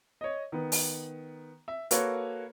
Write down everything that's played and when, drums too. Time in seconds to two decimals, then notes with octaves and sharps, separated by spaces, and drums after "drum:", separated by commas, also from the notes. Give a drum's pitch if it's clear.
0.21 C#5 D#5
0.52 D#3 B3
0.72 drum: open hi-hat
1.68 E5
1.91 A#3 F#4 A4 B4 C#5, drum: hi-hat